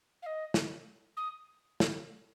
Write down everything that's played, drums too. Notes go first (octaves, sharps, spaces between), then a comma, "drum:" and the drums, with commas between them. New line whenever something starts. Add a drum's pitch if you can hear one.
F5
D#5
drum: snare
D#6
drum: snare